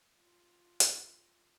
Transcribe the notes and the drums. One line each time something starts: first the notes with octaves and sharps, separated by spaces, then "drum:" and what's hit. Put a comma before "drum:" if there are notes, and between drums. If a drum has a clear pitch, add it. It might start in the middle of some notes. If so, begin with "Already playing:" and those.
F4
drum: hi-hat